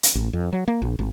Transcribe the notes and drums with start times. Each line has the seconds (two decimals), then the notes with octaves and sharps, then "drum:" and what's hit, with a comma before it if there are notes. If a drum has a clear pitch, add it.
0.03 drum: hi-hat
0.15 A1
0.33 F2
0.53 F#3
0.68 A#3
0.82 A#1
0.99 G#1